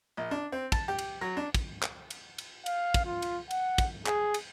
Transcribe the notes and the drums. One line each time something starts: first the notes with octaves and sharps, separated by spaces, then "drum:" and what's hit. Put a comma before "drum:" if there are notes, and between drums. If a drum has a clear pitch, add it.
A#1
D4
C4
A5, drum: kick, cymbal
G4
drum: cymbal
F#3
D4
drum: kick, cymbal
drum: clap
drum: cymbal
drum: cymbal
F5, drum: cymbal
drum: kick, cymbal
F4
drum: cymbal
F#5, drum: cymbal
drum: kick, cymbal
G#4, drum: clap
drum: cymbal